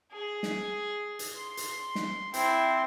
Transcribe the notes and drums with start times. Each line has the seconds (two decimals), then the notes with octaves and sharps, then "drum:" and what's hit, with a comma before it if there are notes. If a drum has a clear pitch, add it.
0.12 G#4
0.43 drum: snare
1.19 drum: hi-hat
1.36 C6
1.57 drum: hi-hat
1.95 drum: snare
2.34 C4 E4 G5 C6, drum: hi-hat